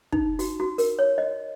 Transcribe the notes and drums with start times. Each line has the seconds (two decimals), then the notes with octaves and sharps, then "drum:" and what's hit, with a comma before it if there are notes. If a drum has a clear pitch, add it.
0.12 D#4, drum: kick
0.39 F#4, drum: open hi-hat
0.60 F#4
0.78 A#4, drum: open hi-hat
0.99 C#5
1.18 D#5